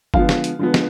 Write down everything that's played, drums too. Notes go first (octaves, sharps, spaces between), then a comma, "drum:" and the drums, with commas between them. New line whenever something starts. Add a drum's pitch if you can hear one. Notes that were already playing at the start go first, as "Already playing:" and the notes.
D3 F3 G#3 B3 F5, drum: kick F#1
drum: snare
drum: hi-hat
D3 F3 G#3 B3
drum: snare